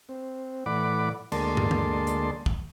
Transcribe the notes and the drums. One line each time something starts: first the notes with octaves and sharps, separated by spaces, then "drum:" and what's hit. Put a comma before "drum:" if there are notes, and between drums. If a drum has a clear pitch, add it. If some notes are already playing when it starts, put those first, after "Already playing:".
C4
A2 E3 D5 F#5 B5 D6
D2 G#3 A#3 D5 A5 C6, drum: cymbal
drum: tom
drum: tom D3
drum: hi-hat
drum: kick